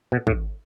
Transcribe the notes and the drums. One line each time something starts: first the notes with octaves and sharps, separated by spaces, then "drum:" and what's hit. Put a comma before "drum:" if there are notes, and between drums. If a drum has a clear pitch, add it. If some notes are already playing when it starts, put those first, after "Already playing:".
B2
A2, drum: kick